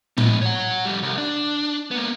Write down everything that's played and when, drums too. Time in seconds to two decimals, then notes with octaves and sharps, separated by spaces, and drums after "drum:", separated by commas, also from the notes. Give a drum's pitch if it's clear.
0.18 G#3 B3, drum: tom A2
0.42 C#5 F#5
0.85 F2 G3
1.03 C2
1.18 D4
1.91 A#3 B3